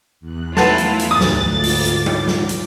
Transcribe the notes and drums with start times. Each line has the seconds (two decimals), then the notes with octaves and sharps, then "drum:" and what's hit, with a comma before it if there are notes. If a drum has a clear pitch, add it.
0.21 E2 F#6
0.57 A3 E4 F4 B4 F#5 A5, drum: snare
0.78 drum: hi-hat
0.99 drum: hi-hat
1.11 D2 G#2 D#6 A6
1.21 drum: snare
1.47 F4 D6
1.64 drum: open hi-hat
1.85 drum: hi-hat
2.06 drum: tom
2.28 drum: snare
2.49 drum: hi-hat